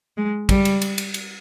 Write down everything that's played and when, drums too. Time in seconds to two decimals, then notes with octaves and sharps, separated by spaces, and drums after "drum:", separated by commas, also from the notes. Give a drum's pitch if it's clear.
0.17 G#3
0.49 G3, drum: kick, cymbal
0.65 drum: cymbal
0.82 drum: cymbal
0.98 drum: cymbal
1.14 drum: cymbal